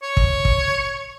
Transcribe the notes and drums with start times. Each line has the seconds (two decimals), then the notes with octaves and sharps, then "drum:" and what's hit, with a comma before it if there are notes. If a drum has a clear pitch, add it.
0.03 C#5
0.17 drum: kick
0.45 drum: kick